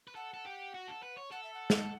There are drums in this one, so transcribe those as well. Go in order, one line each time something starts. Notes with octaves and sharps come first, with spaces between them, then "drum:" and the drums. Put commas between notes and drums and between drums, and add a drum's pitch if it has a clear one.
B4
A4 F#5
A4
G4
F#4
A4
B4
C#5
A4 F#5
E5
F#5
drum: snare